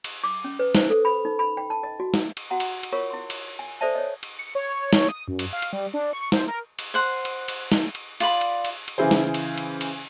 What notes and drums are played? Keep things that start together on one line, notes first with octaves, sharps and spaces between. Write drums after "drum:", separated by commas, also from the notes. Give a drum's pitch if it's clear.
drum: cymbal
D6
C#4
B4
C5, drum: snare
A4
B5
D#4
B5
G5
A5
D#5
F#4
drum: snare
drum: cymbal
F#4 F#5 A#5
drum: cymbal
drum: cymbal
F4 A#4 C#5 C#6
E4 C6
drum: cymbal
G#5
A4 C5 D5 E5 A5
C#5 D#5
drum: cymbal
C#7
C#5
drum: snare
D#6
F#2
drum: cymbal
F5
drum: cymbal
G3
D4
C#6
C5, drum: snare
A#4
drum: cymbal
C5 F#5
drum: cymbal
drum: cymbal
drum: snare
drum: cymbal
F4 D5 B5, drum: cymbal
drum: cymbal
drum: cymbal
drum: cymbal
C#3 E3 E4 G#4 C5
drum: snare
drum: cymbal
drum: cymbal
drum: cymbal